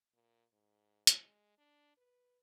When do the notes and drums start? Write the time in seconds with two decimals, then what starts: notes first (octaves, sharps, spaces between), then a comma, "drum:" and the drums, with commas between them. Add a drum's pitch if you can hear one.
0.14 A#2
0.53 G#2
1.07 drum: hi-hat
1.17 G#3
1.58 D4
1.97 B4